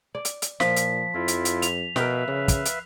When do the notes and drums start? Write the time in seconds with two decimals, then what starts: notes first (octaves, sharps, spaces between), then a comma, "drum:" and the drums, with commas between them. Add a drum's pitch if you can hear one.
0.15 D5
0.25 drum: hi-hat
0.42 drum: hi-hat
0.60 A#2 F3 B6, drum: snare
0.76 drum: hi-hat
1.14 F2 E4 F4
1.28 drum: hi-hat
1.45 drum: hi-hat
1.62 F7, drum: hi-hat
1.96 B2 A#4 B4 E5 F5 G5, drum: snare
2.28 C#3
2.48 drum: kick, hi-hat
2.65 drum: hi-hat